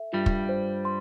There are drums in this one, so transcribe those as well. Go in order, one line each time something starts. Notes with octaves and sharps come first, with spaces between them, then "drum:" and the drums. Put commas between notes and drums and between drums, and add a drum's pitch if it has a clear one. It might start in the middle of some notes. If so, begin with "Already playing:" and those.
Already playing: A4 E5
G2 G3 F4
drum: kick
C5
C6